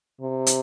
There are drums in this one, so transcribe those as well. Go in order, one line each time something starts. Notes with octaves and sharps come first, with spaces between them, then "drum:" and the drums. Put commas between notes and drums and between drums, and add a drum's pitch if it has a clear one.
C3
drum: hi-hat